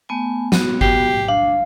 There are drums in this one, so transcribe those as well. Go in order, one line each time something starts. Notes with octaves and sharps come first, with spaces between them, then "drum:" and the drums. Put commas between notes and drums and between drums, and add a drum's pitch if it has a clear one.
A3 B3 G#5
B3 F#4, drum: snare
G4 C7, drum: kick G1
D4 F5